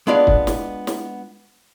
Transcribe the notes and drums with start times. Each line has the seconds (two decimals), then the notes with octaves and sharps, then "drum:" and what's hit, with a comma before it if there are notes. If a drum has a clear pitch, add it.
0.07 G#3 B3 D4 F4 D5 F5
0.27 drum: kick
0.47 drum: snare
0.87 drum: snare